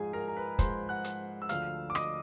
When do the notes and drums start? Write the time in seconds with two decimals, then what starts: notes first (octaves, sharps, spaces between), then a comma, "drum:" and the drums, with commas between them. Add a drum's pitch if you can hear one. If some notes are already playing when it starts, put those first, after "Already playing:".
Already playing: G#2 F3 G#3 G#4 G#5
0.13 A#4 A#5
0.28 A#5
0.37 B4 B5
0.59 G#2 F3 G#3 C5 C6, drum: kick, hi-hat
0.89 F#5 F#6
1.04 drum: hi-hat
1.42 E6
1.49 D2 D3 F3 F5 F6, drum: hi-hat
1.90 D6
1.95 D#5 D#6, drum: rim click